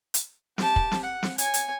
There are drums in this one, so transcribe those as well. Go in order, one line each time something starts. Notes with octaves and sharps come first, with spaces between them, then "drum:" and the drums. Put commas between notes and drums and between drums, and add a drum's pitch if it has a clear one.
drum: hi-hat
G4 A5, drum: snare
drum: kick
drum: snare
F#5
drum: snare
C#5 G#5, drum: hi-hat
drum: hi-hat